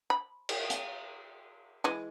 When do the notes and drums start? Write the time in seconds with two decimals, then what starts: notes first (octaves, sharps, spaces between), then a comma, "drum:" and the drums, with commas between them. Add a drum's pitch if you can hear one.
0.10 B5
0.49 drum: cymbal
0.70 drum: hi-hat
1.84 E3 G#3 G#5